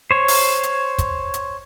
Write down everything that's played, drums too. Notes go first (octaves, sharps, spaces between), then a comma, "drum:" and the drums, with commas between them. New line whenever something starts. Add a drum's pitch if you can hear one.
C5 C#5
drum: open hi-hat
drum: hi-hat
drum: kick, hi-hat
drum: hi-hat